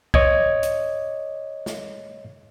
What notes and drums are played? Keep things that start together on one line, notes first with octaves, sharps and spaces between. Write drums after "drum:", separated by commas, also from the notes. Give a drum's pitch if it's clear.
C#5 D#5 G#6, drum: kick C2
drum: hi-hat
drum: snare